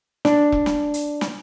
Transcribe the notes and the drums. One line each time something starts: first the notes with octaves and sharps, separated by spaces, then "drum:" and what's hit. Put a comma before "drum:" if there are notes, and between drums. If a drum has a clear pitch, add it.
D4, drum: snare
drum: kick E1
drum: snare
drum: hi-hat
drum: snare